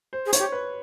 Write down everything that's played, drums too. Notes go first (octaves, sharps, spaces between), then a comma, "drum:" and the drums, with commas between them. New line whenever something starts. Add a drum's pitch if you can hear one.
C5
G#4
C#5, drum: hi-hat
G4
B4